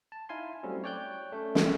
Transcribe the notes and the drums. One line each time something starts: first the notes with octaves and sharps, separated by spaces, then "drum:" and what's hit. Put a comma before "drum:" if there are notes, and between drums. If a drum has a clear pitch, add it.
A5
D#4 E4 F5 G#5 C6
F#3 G3 A3 C4 C#4
C#5 D5 G5 F#6 G6
A3 C#4
drum: snare